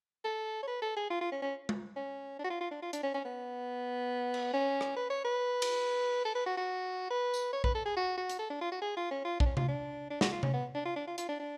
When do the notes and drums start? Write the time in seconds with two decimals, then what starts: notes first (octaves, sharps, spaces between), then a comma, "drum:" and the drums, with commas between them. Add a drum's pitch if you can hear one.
0.24 A4
0.63 C#5
0.67 B4
0.82 A4
0.97 G#4
1.10 F4
1.21 F4
1.32 C#4
1.42 C#4
1.69 drum: tom G#3
1.96 C#4
2.39 D4
2.44 F#4
2.50 F4
2.61 F4
2.71 D4
2.82 F4
2.93 D4, drum: hi-hat
3.03 C#4
3.14 C#4
3.25 B3
4.34 drum: cymbal
4.54 C#4
4.81 drum: rim click
4.96 B4
5.10 C#5
5.25 B4
5.62 drum: cymbal
6.25 A4
6.35 B4
6.46 F#4
6.57 F#4
7.10 B4
7.34 drum: tambourine
7.53 C#5
7.64 B4, drum: kick A#1
7.75 A4
7.86 G#4
7.96 F#4
8.17 F#4
8.29 drum: hi-hat
8.39 A4
8.50 D4
8.61 F4
8.72 F#4
8.82 G#4
8.97 F4
9.11 C#4
9.25 F4
9.40 D4, drum: kick A#1
9.46 C#4
9.57 F4, drum: tom C3
9.68 D4
10.10 D4
10.21 F#4, drum: snare
10.32 F4
10.43 C#4, drum: tom C3
10.54 B3
10.75 D4
10.86 F4
10.96 D4
11.07 F4
11.18 F4, drum: hi-hat
11.29 D4
11.40 D4